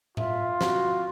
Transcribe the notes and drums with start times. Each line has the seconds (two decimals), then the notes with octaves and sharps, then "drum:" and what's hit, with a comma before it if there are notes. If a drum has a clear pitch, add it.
0.17 F4 E5, drum: tom A2
0.61 F#4, drum: snare